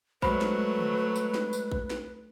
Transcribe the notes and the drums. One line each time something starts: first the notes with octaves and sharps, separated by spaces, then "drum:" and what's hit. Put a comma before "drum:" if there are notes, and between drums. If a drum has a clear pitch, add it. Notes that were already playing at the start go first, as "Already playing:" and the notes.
F#3 G#3 A3 B4 C5 B5, drum: kick A#1
drum: snare
drum: tom D3
drum: tambourine
drum: snare
drum: tambourine
drum: kick A#1
drum: snare